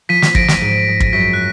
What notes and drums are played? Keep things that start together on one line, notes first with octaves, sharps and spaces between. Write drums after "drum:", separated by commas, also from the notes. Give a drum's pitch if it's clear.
F3 B6 D#7
drum: snare
F3 A#6 D7, drum: kick
drum: snare
G#2
G#3
drum: kick
F#2 B6
F#6